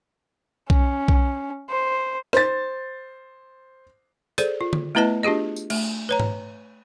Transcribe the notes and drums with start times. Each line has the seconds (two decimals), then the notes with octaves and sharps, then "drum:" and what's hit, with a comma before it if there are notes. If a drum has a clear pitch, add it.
0.70 C#4, drum: kick B1
1.08 drum: kick B1
1.70 C5
2.33 C5 A6, drum: rim click
4.38 G#4 A4 C5 D5, drum: hi-hat
4.61 F4
4.73 drum: tom D3
4.95 A3 B3 E4 B4 D#5 A5
5.23 D4 F4 G4 G#4 D#5
5.56 drum: tambourine
5.70 A3, drum: cymbal
6.09 B4 C#5 A#5
6.20 drum: tom G#2